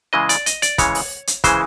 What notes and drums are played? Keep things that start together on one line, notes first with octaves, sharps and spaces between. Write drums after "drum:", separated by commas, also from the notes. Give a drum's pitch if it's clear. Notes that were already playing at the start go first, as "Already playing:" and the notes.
C#3 E3 G#3 D#5
D5, drum: hi-hat
D#5, drum: hi-hat
D5, drum: hi-hat
C#3 E3 G#3 C#5, drum: kick, hi-hat
drum: open hi-hat
drum: hi-hat
C#3 E3 G#3 C5, drum: kick, hi-hat